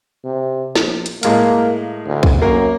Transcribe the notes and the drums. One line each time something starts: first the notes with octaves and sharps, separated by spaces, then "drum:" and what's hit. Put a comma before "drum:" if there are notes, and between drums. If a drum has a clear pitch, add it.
C3
A#1, drum: snare
drum: hi-hat
A2 G#3 A#3 F5, drum: hi-hat
D2
drum: kick
F#2 A#3 A#4 C#5